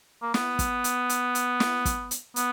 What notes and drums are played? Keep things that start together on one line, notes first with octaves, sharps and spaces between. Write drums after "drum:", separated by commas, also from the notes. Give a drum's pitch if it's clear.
A#3
B3, drum: snare
drum: kick, hi-hat
drum: hi-hat
drum: hi-hat
drum: hi-hat
drum: snare
drum: kick, hi-hat
drum: hi-hat
B3, drum: hi-hat